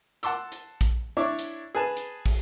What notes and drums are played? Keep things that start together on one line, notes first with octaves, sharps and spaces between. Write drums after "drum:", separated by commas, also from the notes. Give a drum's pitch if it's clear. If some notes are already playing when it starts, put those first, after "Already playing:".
F#5 A5 C6 D6 E6, drum: hi-hat
drum: hi-hat
drum: kick, hi-hat
D4 E4 C#5 D5 D6
drum: hi-hat
G#4 B4 G#5 A5
drum: hi-hat
drum: kick, open hi-hat